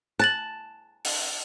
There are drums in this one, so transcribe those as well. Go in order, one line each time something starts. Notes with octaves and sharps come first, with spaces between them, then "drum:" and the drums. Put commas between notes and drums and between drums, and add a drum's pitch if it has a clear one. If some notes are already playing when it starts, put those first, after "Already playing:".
A5 F#6 A6 F#7
drum: open hi-hat